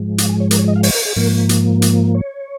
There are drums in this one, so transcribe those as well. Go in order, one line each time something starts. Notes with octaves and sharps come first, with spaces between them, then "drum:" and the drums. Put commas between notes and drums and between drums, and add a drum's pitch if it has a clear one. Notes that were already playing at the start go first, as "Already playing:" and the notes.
Already playing: G#2 F3 G#3
F5, drum: hi-hat
G#5
C#5
A#4, drum: hi-hat
C#5
D#5
F5
C#5, drum: open hi-hat
A#4
G#4
G#2 F3 A#3 A#4
drum: hi-hat
drum: hi-hat
C#5